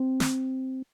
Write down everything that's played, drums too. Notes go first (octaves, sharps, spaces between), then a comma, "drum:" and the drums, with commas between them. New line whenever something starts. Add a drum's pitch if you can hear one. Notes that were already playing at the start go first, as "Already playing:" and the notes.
Already playing: C4
drum: snare